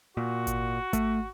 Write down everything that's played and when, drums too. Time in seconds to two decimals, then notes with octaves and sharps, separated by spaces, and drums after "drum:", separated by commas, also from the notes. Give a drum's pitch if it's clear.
0.17 A#2 F#4
0.47 drum: kick G#1, hi-hat
0.93 A3, drum: kick G#1, hi-hat